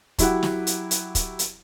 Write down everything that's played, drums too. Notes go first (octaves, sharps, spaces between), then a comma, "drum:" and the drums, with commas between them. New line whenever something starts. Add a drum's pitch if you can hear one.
F#3 E4 G4 F#5, drum: kick, hi-hat
drum: snare
drum: hi-hat
drum: hi-hat
drum: kick, hi-hat
drum: hi-hat